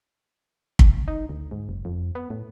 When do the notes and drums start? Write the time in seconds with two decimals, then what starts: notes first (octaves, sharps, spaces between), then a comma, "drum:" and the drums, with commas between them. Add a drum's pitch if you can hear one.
0.79 drum: kick
1.08 D#4
1.29 D2
1.51 G#2
1.69 F#1
1.85 F2
2.15 B3
2.30 A2